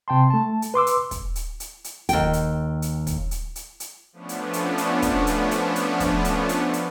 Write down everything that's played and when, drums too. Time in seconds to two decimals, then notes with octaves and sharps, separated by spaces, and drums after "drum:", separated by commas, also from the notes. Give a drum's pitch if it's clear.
0.08 C3 G5 A5 C6
0.30 A3 A5
0.62 drum: hi-hat
0.74 B4 C6 D6 E6
0.87 drum: hi-hat
1.11 drum: kick, hi-hat
1.35 drum: hi-hat
1.60 drum: hi-hat
1.84 drum: hi-hat
2.09 D#2 G5, drum: kick, hi-hat
2.33 drum: hi-hat
2.82 drum: hi-hat
3.07 drum: kick, hi-hat
3.31 drum: hi-hat
3.56 drum: hi-hat
3.80 drum: hi-hat
4.13 F3 A3 B3 C#4 D4
4.29 drum: hi-hat
4.53 drum: hi-hat
4.78 drum: hi-hat
5.02 drum: kick, hi-hat
5.27 drum: hi-hat
5.51 drum: hi-hat
5.76 drum: hi-hat
6.00 drum: kick, hi-hat
6.24 drum: hi-hat
6.49 drum: hi-hat
6.73 drum: hi-hat